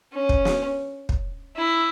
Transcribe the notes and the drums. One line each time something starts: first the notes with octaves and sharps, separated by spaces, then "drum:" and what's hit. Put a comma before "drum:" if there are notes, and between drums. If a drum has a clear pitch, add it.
C#4
drum: kick
drum: snare
drum: kick
E4